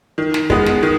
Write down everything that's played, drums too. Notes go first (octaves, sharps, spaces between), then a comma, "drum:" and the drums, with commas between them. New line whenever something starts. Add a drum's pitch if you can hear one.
D#3
drum: snare
G#3 B3, drum: kick
drum: snare
D#3